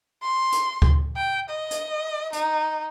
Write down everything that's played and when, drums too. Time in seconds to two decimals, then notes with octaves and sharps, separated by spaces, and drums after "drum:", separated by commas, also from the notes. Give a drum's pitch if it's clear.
0.23 C6
0.52 drum: hi-hat
0.82 drum: kick D2
1.17 G5
1.49 D#5
1.71 drum: hi-hat
2.33 D#4, drum: hi-hat